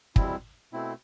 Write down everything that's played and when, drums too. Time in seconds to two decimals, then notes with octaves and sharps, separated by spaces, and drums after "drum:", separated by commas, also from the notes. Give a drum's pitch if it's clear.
0.16 E2 B2 G3 C4 E4, drum: kick
0.73 B2 A3 C4 E4